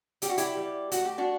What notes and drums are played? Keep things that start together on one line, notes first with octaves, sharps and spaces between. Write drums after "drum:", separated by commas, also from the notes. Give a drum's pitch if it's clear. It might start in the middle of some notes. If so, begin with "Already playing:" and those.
G3 G4, drum: hi-hat
F#4
E4 G4, drum: hi-hat
G3
A3 F#4, drum: hi-hat
G4
D4 F#4